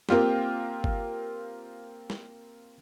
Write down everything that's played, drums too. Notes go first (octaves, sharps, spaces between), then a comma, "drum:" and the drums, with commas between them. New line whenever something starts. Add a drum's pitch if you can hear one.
A#3 C4 F4 G4, drum: snare
drum: kick G1
drum: snare